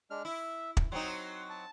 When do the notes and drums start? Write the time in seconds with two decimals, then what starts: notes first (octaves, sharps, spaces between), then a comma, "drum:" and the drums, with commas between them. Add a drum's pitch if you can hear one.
0.11 G#3 D4 F6
0.25 E4 E5
0.77 drum: kick
0.92 F#3 C4 D#4 C6
1.50 A5